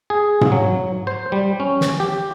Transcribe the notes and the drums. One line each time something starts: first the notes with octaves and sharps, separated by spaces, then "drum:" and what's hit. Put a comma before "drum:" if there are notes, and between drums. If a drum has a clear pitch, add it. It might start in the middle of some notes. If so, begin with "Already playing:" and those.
G#4
drum: tom G#2
F#3
C5
G3
C#4
drum: snare
G4